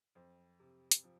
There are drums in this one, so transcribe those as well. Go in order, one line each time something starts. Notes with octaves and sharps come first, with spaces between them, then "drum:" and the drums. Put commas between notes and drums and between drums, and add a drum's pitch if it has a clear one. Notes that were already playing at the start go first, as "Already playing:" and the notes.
F2 C5
C3
drum: hi-hat
F3